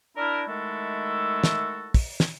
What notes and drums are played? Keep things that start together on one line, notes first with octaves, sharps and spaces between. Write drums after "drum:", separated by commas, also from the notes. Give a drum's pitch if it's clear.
D4 E4 A#4
D#3 G#3 A3 E4 F#4 A4
drum: snare
drum: kick, open hi-hat
drum: snare